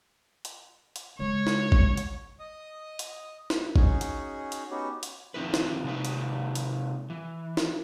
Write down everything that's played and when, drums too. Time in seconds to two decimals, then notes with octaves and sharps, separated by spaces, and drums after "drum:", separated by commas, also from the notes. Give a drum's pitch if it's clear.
0.45 drum: hi-hat
0.96 drum: hi-hat
1.19 C#3 G#3 C#5
1.47 drum: snare
1.72 drum: kick G#1
1.97 drum: hi-hat
2.39 D#5 D#6
2.99 drum: hi-hat
3.50 drum: snare
3.76 C#4 D#4 F#4 G#4, drum: kick G#1
4.01 drum: hi-hat
4.52 drum: hi-hat
4.70 B3 C#4 D#4 F#4 G4
5.03 drum: hi-hat
5.34 D#3 F3 C4 D#4 E4 B4
5.54 drum: snare
5.84 C3 G#3 D#4 B4
6.05 drum: hi-hat
6.55 drum: hi-hat
7.10 E3
7.57 drum: snare